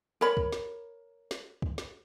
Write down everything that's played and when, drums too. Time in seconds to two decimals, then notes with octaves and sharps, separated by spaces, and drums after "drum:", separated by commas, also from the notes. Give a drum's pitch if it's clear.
0.21 A#4 C#5 B5
0.37 drum: kick
0.52 drum: snare
1.31 drum: snare
1.62 drum: kick
1.78 drum: snare